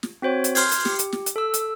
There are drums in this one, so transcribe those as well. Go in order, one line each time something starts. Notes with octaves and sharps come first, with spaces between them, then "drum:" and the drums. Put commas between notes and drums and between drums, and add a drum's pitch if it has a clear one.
drum: snare
C4 F#4 C5 C#5
drum: hi-hat
C6 F6 G6 G#6, drum: open hi-hat
drum: hi-hat
G4, drum: snare
drum: hi-hat
drum: snare
drum: hi-hat
A4 E6
drum: hi-hat